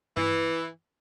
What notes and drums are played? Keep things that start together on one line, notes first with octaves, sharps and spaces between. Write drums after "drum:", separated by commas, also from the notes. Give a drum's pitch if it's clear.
E3, drum: tom G2